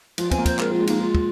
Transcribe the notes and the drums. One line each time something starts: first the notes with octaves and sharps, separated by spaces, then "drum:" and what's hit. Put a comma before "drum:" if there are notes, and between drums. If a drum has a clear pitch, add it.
F3 F4, drum: cymbal
C4 G#5, drum: kick, cymbal
A#3
C5, drum: kick, cymbal
G#3 A#4, drum: clap
F3 F4
G#3
A#3 D#4, drum: cymbal
G#3 F4
drum: kick